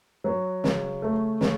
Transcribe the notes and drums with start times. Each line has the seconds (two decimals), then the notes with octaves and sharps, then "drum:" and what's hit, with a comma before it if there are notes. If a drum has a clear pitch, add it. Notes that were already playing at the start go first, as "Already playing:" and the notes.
0.24 F#3
0.64 C#3, drum: snare
1.02 A3
1.41 C#3, drum: snare